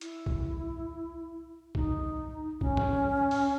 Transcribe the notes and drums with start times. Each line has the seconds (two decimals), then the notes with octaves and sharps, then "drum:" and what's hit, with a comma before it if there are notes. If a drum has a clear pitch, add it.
0.01 E4, drum: hi-hat
0.26 drum: kick B1
1.75 D#4, drum: kick B1
2.61 C#4, drum: kick B1
2.77 drum: tom
3.31 drum: open hi-hat